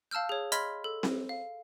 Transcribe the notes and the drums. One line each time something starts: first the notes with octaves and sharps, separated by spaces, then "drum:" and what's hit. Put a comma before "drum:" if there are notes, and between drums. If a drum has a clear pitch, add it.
F5 A5 E6 F6 G6
G#4 C#5
D#5 B5 C6 F6 G#6 B6, drum: hi-hat
A4
drum: snare C4
F5